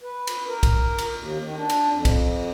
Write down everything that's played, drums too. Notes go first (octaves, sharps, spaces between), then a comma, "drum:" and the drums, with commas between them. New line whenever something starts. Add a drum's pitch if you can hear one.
B4
drum: cymbal
A#4
drum: kick B1, cymbal
drum: cymbal
D#2
D#3
D4
drum: cymbal
F2
drum: kick B1, cymbal